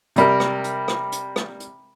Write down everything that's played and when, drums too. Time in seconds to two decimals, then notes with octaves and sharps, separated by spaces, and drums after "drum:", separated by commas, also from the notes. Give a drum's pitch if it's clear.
0.16 C3 G3 A#4, drum: hi-hat
0.40 drum: rim click
0.64 drum: hi-hat
0.88 drum: rim click
1.12 drum: hi-hat
1.36 drum: rim click
1.60 drum: hi-hat